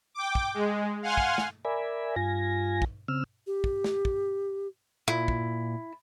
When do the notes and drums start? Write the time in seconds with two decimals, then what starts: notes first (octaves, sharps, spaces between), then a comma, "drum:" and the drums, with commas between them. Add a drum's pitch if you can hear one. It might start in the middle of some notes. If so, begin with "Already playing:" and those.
0.15 G5 D6
0.35 drum: kick
0.54 G#3
1.02 F5 F#5 G#5 C6 F6
1.17 drum: kick
1.38 drum: snare
1.65 A#4 D5 E5 G#5 B5
2.16 G2 F4 G#5 A#6
2.82 drum: kick
3.08 C#3 C4 E6 F6
3.47 G4
3.64 drum: kick
3.84 drum: snare
4.05 drum: kick
5.08 A#2 E4
5.28 drum: kick